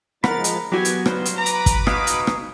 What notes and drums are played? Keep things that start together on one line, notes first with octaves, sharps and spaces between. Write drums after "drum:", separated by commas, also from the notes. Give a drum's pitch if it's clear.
F3 G#3 A#4 F#5 A#5 B5 A6, drum: rim click
drum: hi-hat
F#3 B3 F#4 G4 G#5
drum: hi-hat
G2 C#4 C5, drum: rim click
drum: hi-hat
B4 A#5 B5 D6
drum: hi-hat
drum: kick, hi-hat
B2 D#4 G#4 F5, drum: rim click
drum: hi-hat
drum: rim click